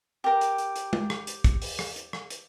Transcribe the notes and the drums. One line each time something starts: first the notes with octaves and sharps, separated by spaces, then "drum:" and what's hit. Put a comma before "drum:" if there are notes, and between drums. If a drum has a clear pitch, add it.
G4 A#4
drum: hi-hat
drum: hi-hat
drum: hi-hat
drum: tom G#3
drum: rim click
drum: hi-hat
drum: kick, hi-hat
drum: open hi-hat
drum: rim click
drum: hi-hat
drum: rim click
drum: hi-hat